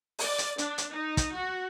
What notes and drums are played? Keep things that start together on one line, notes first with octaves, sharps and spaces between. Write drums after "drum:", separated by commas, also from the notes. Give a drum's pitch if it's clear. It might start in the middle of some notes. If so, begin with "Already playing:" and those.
D5, drum: open hi-hat
drum: hi-hat
D4, drum: hi-hat
drum: hi-hat
D#4
drum: kick, hi-hat
F#4